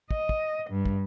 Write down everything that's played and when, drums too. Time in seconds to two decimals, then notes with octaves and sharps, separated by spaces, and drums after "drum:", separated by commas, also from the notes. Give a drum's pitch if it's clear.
0.11 D#5, drum: kick
0.29 drum: kick
0.70 G2
0.86 drum: kick